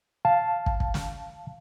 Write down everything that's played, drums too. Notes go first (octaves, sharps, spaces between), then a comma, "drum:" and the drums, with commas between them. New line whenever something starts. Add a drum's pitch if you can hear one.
F5 A5
drum: kick
drum: kick
drum: snare